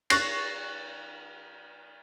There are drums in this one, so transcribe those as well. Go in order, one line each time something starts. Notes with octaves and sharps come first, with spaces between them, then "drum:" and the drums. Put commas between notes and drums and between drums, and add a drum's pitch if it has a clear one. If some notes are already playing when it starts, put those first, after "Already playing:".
C#6 F#6 A6 A#6 C7, drum: cymbal